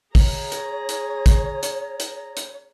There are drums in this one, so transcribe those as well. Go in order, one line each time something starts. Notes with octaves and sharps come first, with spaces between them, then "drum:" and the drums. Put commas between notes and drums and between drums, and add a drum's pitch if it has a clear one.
G#4 C#5 A#5, drum: kick, open hi-hat
drum: hi-hat
drum: hi-hat
drum: kick, hi-hat
drum: hi-hat
drum: hi-hat
drum: hi-hat